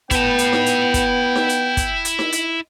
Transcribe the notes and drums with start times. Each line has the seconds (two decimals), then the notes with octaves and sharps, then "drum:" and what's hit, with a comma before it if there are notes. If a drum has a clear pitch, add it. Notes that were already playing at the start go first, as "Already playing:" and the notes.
0.11 B3 E4 G5 A5, drum: kick, hi-hat
0.39 drum: hi-hat
0.52 drum: snare D#4
0.66 drum: hi-hat
0.94 drum: kick, hi-hat
1.36 drum: snare D#4
1.49 drum: hi-hat
1.77 drum: kick, hi-hat
2.05 drum: hi-hat
2.19 drum: snare D#4
2.32 drum: hi-hat